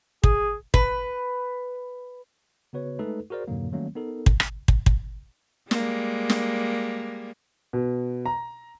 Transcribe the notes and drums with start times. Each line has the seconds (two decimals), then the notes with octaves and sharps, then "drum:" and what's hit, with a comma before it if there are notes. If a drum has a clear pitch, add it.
0.24 G#4, drum: kick
0.74 B4, drum: kick
2.73 C#3 B3 F#4 B4 C#5
2.99 G#3 A3 D#4 A4 B4
3.30 F#4 G#4 A#4 C5 D5
3.47 F2 G#2 B2 D3 F#3 A#3
3.72 D#3 F#3 G3 A3 A#3 C#4
3.95 B3 D#4 A4 A#4
4.26 drum: kick
4.40 drum: rim click
4.68 drum: kick
4.86 drum: kick
5.71 G3 G#3 A#3, drum: snare
6.30 drum: snare
7.73 B2
8.26 A#5